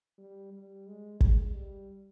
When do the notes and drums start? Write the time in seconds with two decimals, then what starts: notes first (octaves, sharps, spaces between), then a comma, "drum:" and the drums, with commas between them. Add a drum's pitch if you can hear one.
0.18 G3
0.53 G3
0.87 G#3
1.21 G#3, drum: kick
1.54 G3